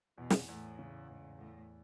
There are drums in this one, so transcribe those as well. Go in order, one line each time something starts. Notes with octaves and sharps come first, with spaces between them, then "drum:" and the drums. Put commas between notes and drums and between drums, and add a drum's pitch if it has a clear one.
E2 B2
drum: snare
E2 A2
C#3
E2 G#2
E2 A2